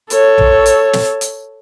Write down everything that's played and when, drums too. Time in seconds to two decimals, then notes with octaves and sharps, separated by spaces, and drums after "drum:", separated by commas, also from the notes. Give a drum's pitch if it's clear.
0.10 A4 C#5, drum: hi-hat
0.38 drum: tom
0.66 drum: hi-hat
0.93 drum: snare
1.21 drum: hi-hat